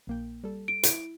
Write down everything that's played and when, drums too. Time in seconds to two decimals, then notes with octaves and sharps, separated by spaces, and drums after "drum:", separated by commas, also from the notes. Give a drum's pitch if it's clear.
0.07 A#1 A#3 G5
0.44 G3 A4
0.68 D7
0.83 E4, drum: hi-hat